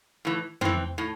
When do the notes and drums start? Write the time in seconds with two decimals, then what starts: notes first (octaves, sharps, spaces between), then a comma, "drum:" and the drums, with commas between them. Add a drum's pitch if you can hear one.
0.25 A2 E3
0.61 A2 E3 C4, drum: tom
0.98 A2